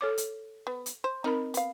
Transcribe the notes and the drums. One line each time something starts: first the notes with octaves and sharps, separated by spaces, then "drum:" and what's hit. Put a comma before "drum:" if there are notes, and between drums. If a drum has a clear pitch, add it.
A4 C#5 D6
drum: hi-hat
B3
drum: hi-hat
C5
C4 D#4 A#4 B5
B3 F5, drum: hi-hat